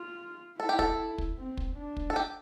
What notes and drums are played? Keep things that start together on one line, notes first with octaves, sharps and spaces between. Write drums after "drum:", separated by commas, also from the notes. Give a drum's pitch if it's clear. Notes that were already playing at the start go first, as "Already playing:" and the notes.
Already playing: F4
E4 A4
G4
A4, drum: kick
drum: kick
C4
drum: kick
D4
drum: kick
A4
G4